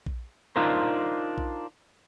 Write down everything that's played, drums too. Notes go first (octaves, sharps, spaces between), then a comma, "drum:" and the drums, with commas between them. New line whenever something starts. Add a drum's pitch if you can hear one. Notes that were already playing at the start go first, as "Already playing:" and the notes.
drum: kick A#1
D4 D#4 F4 A#4 C5
drum: kick A#1